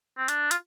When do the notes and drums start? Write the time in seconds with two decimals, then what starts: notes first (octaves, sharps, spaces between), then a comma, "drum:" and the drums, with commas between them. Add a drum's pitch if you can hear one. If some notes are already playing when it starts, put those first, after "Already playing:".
0.17 C4
0.28 D4, drum: hi-hat
0.51 F4, drum: hi-hat